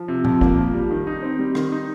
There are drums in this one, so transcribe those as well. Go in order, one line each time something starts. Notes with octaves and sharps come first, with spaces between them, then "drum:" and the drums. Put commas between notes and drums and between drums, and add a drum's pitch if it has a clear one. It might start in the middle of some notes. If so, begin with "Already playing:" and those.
Already playing: F3
C3
F2, drum: tom A#2
A#3, drum: kick
F3
G3
D#3
D#4
C4
G3
D#3, drum: rim click
D#4